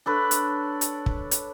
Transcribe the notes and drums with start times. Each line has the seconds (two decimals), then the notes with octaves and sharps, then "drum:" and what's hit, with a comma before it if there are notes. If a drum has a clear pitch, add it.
0.06 D4 A4 B4 C#5
0.31 drum: hi-hat
0.81 drum: hi-hat
1.06 drum: kick
1.31 drum: hi-hat